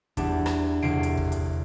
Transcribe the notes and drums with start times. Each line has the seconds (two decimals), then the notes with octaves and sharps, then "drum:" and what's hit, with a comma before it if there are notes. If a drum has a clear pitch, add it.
0.17 E2 G3 B3 D4, drum: kick, hi-hat
0.46 drum: rim click
0.82 G1 E2 C3 C7 D7
1.03 drum: hi-hat
1.17 drum: kick
1.32 drum: hi-hat